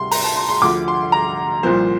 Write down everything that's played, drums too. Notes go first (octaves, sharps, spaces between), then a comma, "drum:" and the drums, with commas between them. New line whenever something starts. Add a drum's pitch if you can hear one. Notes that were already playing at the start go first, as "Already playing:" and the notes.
Already playing: D2 C3 G3 C6
A#5, drum: open hi-hat
A5
C6
C6
D2 D3 F3 D6
C6
A#5
C2 A#2 F3 C5